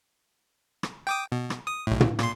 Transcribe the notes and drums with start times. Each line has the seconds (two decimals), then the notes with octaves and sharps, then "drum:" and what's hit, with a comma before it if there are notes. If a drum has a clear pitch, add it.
0.83 drum: rim click
1.07 G5 D6 D#6
1.32 B2
1.50 drum: rim click
1.67 D#6
1.87 B1 A2
2.00 drum: tom
2.19 A#2 C6, drum: rim click